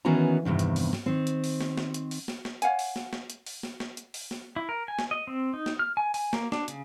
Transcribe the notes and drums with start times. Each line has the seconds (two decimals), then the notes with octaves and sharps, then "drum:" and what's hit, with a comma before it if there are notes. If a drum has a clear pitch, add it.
0.05 D#3 E3 B3 C#4 F#4 A#5
0.45 E2 G2 C3 D#3
0.59 drum: hi-hat
0.76 drum: open hi-hat
0.93 drum: snare
1.06 D#3 C4
1.27 drum: hi-hat
1.44 drum: open hi-hat
1.61 drum: snare
1.77 drum: snare
1.94 drum: hi-hat
2.11 drum: open hi-hat
2.28 drum: snare
2.45 drum: snare
2.62 C#5 F5 F#5 G#5, drum: hi-hat
2.79 drum: open hi-hat
2.96 drum: snare
3.13 drum: snare
3.30 drum: hi-hat
3.46 drum: open hi-hat
3.63 drum: snare
3.80 drum: snare
3.97 drum: hi-hat
4.14 drum: open hi-hat
4.31 drum: snare
4.56 E4
4.69 A#4
4.88 G#5
4.99 drum: snare
5.11 D#5
5.27 C4
5.54 D#4
5.66 drum: snare
5.79 F6
5.97 G#5
6.14 G#5, drum: open hi-hat
6.33 A#3, drum: snare
6.52 D4, drum: snare
6.68 C#3, drum: hi-hat